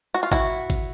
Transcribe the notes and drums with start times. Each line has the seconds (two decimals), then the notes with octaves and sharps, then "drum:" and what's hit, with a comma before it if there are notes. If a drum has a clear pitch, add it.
0.14 F#4, drum: hi-hat
0.23 F4
0.32 E4 F#4, drum: kick G#1, hi-hat
0.70 drum: kick G#1, hi-hat